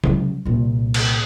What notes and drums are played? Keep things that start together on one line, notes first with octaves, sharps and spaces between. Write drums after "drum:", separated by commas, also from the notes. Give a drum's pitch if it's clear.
C#3 F#3, drum: tom C3
C2 A#2
drum: cymbal